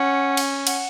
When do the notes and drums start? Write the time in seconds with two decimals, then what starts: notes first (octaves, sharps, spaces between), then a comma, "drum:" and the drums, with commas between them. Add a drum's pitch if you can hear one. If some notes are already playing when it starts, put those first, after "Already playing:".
Already playing: C#4 F#5
0.37 drum: cymbal
0.67 F#5, drum: cymbal